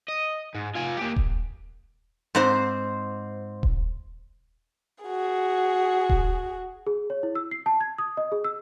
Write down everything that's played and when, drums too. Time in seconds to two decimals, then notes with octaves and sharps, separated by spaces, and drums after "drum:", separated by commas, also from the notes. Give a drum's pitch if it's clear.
0.08 D#5
0.55 G#2
0.75 F4 G#5
0.97 A#3 G4
1.16 drum: kick D#1
2.35 G#2 C4 C5
3.63 drum: kick D#1
5.04 F#4 G#4
6.09 drum: kick D#1
6.87 G#4
7.10 C#5
7.23 E4
7.35 E6
7.51 C7
7.66 A5
7.81 G#6
7.98 D#6
8.17 D#5
8.32 G#4
8.44 E6